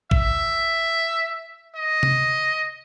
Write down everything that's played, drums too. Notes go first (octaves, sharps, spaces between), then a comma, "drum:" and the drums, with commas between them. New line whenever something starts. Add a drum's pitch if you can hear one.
E5, drum: kick
D#5
drum: tom C3